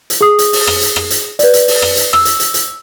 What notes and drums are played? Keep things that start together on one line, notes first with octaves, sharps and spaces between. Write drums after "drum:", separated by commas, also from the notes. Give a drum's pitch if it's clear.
drum: hi-hat
G#4 D#6
drum: hi-hat
drum: open hi-hat
drum: rim click
drum: hi-hat
drum: rim click
drum: hi-hat
B4 D5, drum: hi-hat
drum: hi-hat
drum: open hi-hat
drum: rim click
drum: hi-hat
E6, drum: rim click
drum: hi-hat
drum: hi-hat
drum: hi-hat